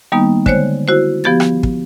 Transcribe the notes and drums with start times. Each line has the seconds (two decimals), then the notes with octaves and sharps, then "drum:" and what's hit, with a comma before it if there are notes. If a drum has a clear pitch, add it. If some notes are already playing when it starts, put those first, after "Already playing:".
0.12 D#3 G3 A#3 B3 D#4
0.46 D3 G#3 C5 C#5 F#6, drum: kick
0.88 E4 F#4 C5
1.24 F3 B3 G4 G#6 A6
1.40 drum: rim click
1.63 drum: kick